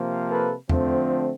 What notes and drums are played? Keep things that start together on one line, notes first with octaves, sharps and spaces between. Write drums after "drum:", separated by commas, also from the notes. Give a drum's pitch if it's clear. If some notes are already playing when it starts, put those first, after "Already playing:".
Already playing: C3 F3 A#3
A4 B4
D3 F3 A3 C4, drum: tom E2